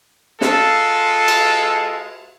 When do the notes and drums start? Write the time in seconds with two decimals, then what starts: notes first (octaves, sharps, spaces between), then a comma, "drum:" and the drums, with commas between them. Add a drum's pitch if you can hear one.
0.41 G#3 F4 A4, drum: snare
1.28 drum: cymbal